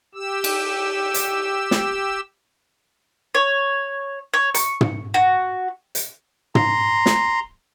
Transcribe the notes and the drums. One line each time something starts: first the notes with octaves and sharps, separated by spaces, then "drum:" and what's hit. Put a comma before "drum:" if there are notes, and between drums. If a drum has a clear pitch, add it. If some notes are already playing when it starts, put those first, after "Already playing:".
G4 E6
drum: cymbal
drum: hi-hat
drum: snare
C#5
C#5
C#6, drum: hi-hat
drum: tom
F#4
drum: hi-hat
A#5 C6, drum: tom
drum: snare